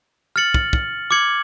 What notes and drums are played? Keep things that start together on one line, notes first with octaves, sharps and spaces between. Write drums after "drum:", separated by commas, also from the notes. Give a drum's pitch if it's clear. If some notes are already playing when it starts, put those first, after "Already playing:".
F6 A6 C#7 F#7
drum: kick
drum: kick
D6 F6 G#6 C#7 F#7